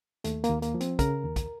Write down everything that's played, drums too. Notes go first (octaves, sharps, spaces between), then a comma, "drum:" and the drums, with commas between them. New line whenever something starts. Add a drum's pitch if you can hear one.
D#2 A3, drum: hi-hat
A#3, drum: hi-hat
D#2
A#3, drum: hi-hat
F3
C4, drum: hi-hat
C#3 A#4, drum: kick, hi-hat
D#2
drum: kick, hi-hat